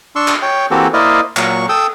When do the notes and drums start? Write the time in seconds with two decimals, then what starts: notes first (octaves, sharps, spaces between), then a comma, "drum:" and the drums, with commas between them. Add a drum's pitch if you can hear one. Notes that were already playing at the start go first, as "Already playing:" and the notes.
0.16 D4 C6 C#6 E6
0.28 drum: clap
0.42 C#5 G5
0.71 E3 A#3 C4 F#4 G4 A4
0.94 A#3 E4 C5 D5 D#5 F5
1.37 A#2 F#3 C#6, drum: clap
1.69 A4 G5 D#6 E6 G6